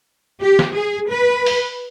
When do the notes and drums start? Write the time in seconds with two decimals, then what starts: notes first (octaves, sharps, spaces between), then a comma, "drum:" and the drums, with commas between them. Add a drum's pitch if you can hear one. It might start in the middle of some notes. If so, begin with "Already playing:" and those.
0.42 G4
0.59 drum: snare
0.75 G#4
1.09 B4
1.46 drum: open hi-hat